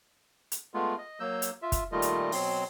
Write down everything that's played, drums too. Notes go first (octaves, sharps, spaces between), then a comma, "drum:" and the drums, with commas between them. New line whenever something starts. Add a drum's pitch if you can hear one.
drum: hi-hat
G#3 A3 B3 F4
D#5
F#3 A#3 E6 G6
drum: hi-hat
F4 E5
drum: kick, hi-hat
A#2 D#3 G3 A3 F4 D#5
drum: hi-hat
B2 F#3 C4 C6, drum: open hi-hat